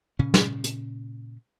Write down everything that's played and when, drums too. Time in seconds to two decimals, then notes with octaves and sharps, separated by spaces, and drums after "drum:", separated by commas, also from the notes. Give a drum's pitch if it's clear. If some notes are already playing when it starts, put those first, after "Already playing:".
0.19 A#2 C#3 C#4
0.34 drum: snare
0.64 drum: hi-hat